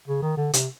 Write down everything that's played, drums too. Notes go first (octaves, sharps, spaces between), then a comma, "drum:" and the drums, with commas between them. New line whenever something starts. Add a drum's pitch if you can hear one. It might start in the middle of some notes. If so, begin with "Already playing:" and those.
C#3
D#3
D3
C3, drum: hi-hat